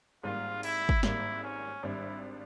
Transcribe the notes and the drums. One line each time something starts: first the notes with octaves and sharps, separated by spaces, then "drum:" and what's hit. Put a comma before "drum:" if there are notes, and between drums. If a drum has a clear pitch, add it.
G#1 G#2 G3 A#3 F4
E4, drum: cymbal
drum: kick
G#1 G#2 G3 A#3 E4, drum: snare
C#4
G#1 G2 G3 E4